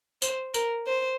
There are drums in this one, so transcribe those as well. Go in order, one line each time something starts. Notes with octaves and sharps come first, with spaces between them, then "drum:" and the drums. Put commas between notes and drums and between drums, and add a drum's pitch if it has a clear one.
C5, drum: tambourine
A#4, drum: tambourine
C5